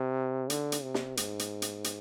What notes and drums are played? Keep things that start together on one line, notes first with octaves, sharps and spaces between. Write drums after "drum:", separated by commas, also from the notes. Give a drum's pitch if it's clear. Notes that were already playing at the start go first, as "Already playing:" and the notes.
Already playing: C3
D3, drum: hi-hat
drum: hi-hat
C3
drum: snare
G#2, drum: hi-hat
drum: hi-hat
drum: hi-hat
drum: hi-hat